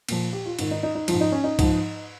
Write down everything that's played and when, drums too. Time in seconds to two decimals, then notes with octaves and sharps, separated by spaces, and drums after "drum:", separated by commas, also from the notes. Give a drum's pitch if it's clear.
0.09 A#2 F3, drum: cymbal
0.33 G4
0.46 F4
0.59 G#2 D#3, drum: cymbal
0.71 D#4
0.83 D#4
0.95 D#4
1.08 G#2 F3 F4, drum: cymbal
1.21 D#4
1.32 C#4
1.44 D#4
1.59 G#2 F3, drum: kick, cymbal